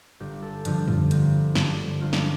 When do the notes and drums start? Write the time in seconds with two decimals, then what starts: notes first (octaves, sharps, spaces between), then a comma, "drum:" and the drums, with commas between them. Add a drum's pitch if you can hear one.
0.20 G1 G4
0.42 A4
0.65 G2 D3 F3 G4, drum: hi-hat
0.88 F4, drum: tom
1.11 G1 C4, drum: hi-hat
1.55 G2 D3 F3 D4, drum: snare
2.01 G1 F4
2.13 D4, drum: snare